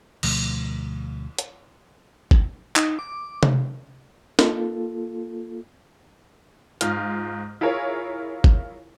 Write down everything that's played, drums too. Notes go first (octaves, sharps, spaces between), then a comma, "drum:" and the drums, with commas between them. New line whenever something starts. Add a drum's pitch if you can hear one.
D2 B2 F3 A3, drum: cymbal
drum: hi-hat
drum: kick
D#4, drum: clap
D6
drum: tom C3
A#3 F4 A4, drum: snare
G#2 F4 F6, drum: hi-hat
E4 F4 G#4 A#4 C#5
drum: kick